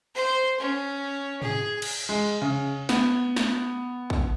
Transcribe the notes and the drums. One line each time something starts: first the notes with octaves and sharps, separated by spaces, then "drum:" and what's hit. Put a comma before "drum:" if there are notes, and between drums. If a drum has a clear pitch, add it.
C5
C#4
G#4, drum: tom
drum: cymbal
G#3
C#3
B3, drum: snare
drum: snare
drum: kick